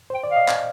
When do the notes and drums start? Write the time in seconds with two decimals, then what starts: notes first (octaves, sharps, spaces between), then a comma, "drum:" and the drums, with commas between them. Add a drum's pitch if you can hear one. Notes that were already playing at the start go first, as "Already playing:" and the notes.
0.10 C5 G5
0.23 D5
0.31 F5
0.36 D#5
0.48 F5, drum: clap